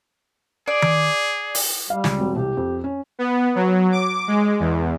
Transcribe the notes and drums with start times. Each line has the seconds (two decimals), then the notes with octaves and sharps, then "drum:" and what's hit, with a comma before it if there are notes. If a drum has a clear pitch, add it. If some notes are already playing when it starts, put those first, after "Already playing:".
0.68 G#4 D5
0.82 drum: tom D#3
1.55 drum: open hi-hat
1.90 G3 F5
2.04 C#2, drum: snare
2.18 E1 C4
2.36 C2 G4
2.57 F2
2.84 C#4
3.19 B3
3.55 F#3
3.92 D6
4.28 G#3
4.60 E2